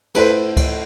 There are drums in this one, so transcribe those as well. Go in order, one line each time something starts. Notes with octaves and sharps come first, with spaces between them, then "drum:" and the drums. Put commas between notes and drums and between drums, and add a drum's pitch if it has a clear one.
A3 E4 A4 B4 C5, drum: cymbal
drum: kick C#2, cymbal